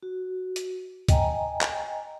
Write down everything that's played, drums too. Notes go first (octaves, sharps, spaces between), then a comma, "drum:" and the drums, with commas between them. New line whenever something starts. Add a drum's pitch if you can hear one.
F#4
drum: hi-hat
D#5 G5 G#5 A#5, drum: kick, hi-hat
drum: clap